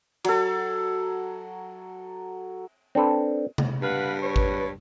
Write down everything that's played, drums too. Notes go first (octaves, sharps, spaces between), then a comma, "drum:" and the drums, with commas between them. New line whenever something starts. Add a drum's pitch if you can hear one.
F#3 A4, drum: cymbal
C4 D4 A4 B4
drum: tom C3
G2 B4 F5 F#5
B4 C#5
drum: kick G#1